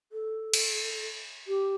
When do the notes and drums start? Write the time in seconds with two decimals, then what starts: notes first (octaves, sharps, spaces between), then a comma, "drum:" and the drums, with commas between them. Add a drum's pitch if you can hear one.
0.12 A4
0.54 drum: cymbal
1.48 G4